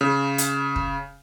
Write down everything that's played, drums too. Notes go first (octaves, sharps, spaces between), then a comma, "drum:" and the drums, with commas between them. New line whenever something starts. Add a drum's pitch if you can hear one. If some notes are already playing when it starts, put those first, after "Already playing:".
C#3
drum: hi-hat
drum: kick